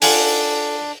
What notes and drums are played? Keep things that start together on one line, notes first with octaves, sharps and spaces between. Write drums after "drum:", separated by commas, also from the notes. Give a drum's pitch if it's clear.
D4 F4 A4 F#5 G#5, drum: open hi-hat